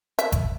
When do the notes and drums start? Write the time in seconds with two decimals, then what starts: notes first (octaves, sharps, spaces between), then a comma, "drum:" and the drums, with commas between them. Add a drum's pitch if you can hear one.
0.19 E5, drum: hi-hat
0.32 drum: kick G1, hi-hat